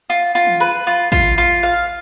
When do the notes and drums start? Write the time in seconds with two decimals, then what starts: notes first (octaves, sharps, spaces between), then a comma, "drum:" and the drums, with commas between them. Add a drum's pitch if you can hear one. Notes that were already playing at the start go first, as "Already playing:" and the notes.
0.10 F4
0.35 F4
0.47 drum: tom
0.60 B4
0.87 F4
1.12 F4, drum: kick
1.38 F4
1.63 F5